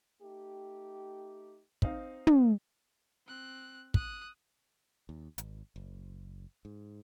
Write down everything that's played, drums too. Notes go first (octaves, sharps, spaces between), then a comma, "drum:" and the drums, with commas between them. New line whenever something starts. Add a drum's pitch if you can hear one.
A3 D#4 G4
C4 D#4 F5, drum: kick
drum: tom
C4 F#6
D#6 F#6, drum: kick
D#2
G#1, drum: hi-hat
F#1
G#2